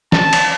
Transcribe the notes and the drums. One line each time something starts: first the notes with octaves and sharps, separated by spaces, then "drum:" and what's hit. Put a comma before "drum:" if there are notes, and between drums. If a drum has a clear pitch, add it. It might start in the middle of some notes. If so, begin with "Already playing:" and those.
A5, drum: snare
drum: cymbal